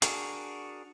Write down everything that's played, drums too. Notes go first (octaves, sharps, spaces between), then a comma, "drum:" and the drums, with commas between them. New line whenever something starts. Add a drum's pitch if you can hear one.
D4 F#4 G#4 A#4, drum: hi-hat